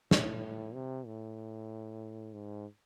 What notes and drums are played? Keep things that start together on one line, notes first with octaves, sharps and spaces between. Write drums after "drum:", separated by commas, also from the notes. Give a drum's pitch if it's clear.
A2, drum: snare
C3
A2
G#2